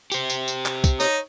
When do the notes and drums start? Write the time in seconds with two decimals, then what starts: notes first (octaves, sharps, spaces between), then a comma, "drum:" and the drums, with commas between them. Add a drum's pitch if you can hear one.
0.12 G4 C5, drum: tambourine
0.30 drum: tambourine
0.48 drum: tambourine
0.66 drum: clap
0.84 drum: kick, tambourine
1.00 D#4 C#5, drum: tambourine